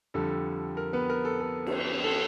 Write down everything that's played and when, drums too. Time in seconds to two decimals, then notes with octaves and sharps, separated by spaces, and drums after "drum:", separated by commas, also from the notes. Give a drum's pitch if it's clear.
0.14 F2 D3 G3 A4
0.77 A#4
0.93 B3 B4
1.10 A#4
1.25 A4
1.41 A4
1.66 drum: cymbal
2.04 A4